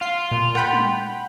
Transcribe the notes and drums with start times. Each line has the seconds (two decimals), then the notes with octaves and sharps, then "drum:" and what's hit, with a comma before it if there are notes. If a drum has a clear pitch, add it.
0.01 F4 F5 C7
0.31 A#2
0.55 F#5 G5 B5, drum: rim click
0.73 drum: tom G3